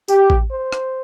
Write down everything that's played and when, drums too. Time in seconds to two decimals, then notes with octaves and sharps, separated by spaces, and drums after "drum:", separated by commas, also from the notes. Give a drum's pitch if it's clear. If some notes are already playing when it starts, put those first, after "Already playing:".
0.08 G4, drum: tambourine
0.30 drum: kick A1
0.51 C5
0.72 drum: rim click